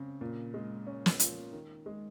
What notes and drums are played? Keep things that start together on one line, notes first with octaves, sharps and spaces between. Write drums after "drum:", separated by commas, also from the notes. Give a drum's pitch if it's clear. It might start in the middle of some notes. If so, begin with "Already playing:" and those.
Already playing: C#3 C4
A#2
G#3
C#4
drum: snare
F4, drum: hi-hat
D#3
G#3